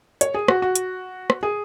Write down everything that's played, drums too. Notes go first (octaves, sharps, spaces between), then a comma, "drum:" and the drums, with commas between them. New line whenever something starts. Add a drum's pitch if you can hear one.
C#5, drum: hi-hat
G#4
F#4, drum: rim click
F#4
drum: hi-hat
drum: rim click
G#4